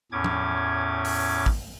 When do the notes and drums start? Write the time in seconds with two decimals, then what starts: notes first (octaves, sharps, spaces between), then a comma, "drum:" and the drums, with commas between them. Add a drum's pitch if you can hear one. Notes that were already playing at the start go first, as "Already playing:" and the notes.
0.12 E2 A2 C#4 D6 G#6
0.24 drum: tom F3
1.05 drum: open hi-hat
1.46 drum: kick